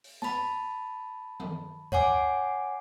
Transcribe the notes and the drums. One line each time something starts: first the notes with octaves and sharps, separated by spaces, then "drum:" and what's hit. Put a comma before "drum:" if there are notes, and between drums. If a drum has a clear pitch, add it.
drum: open hi-hat
A5 B5, drum: snare
drum: tom D#3
C#5 F#5 G#5 D6, drum: kick C#2